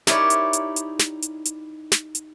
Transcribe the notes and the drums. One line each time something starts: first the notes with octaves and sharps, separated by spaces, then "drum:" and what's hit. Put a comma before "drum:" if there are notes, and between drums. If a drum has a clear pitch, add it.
D#4 E4 G4 A#4 C#5 D5, drum: snare
drum: hi-hat
drum: hi-hat
drum: hi-hat
drum: snare
drum: hi-hat
drum: hi-hat
drum: snare
drum: hi-hat